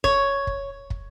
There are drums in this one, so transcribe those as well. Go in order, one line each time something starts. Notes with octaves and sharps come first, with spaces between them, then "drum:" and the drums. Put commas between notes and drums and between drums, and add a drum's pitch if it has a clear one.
C#5, drum: kick
drum: kick
drum: kick